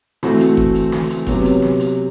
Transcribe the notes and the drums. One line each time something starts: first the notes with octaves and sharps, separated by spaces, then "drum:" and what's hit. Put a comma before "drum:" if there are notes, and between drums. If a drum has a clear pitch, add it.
E3 A3 C4 F#4, drum: snare
drum: hi-hat
drum: kick G1
drum: hi-hat
drum: snare
drum: hi-hat
C3 F#3 B3, drum: kick G1, hi-hat
drum: hi-hat
drum: snare
drum: hi-hat